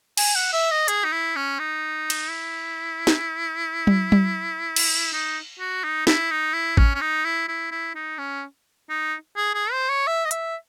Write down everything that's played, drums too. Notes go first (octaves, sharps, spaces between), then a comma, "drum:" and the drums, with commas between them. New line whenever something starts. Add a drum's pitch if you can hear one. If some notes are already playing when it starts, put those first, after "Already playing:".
G#5, drum: cymbal
F#5
E5
D#5
G#4, drum: hi-hat
D#4
E4
C#4
D#4
drum: cymbal
E4
drum: snare
drum: tom F#3
drum: tom F#3
drum: cymbal
D#4
F#4
D#4
E4, drum: snare
D#4
E4
C#4, drum: kick A1
C#4
D#4
E4
E4
E4
D#4
C#4
D#4
G#4
G#4
C5
C#5
E5
D#5
E5, drum: hi-hat